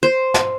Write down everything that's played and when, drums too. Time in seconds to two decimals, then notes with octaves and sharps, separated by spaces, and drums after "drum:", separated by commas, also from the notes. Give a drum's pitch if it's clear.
0.03 C5
0.34 drum: snare